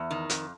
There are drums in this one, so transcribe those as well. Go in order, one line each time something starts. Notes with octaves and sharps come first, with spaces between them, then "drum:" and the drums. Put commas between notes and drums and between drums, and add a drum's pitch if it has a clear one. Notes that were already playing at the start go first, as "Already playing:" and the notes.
Already playing: E2
D#3
F2, drum: hi-hat